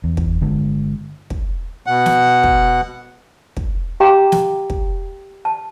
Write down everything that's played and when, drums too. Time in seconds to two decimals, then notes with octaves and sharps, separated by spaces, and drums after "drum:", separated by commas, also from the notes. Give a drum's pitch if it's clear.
0.04 E2
0.17 drum: kick
0.41 G1 D3 G#3
1.30 drum: kick
1.86 B2 F#5
2.06 drum: snare
2.43 drum: kick
3.57 drum: kick
4.00 G4 F5 G5 A#5 D6
4.32 drum: snare
4.70 drum: kick
5.45 A5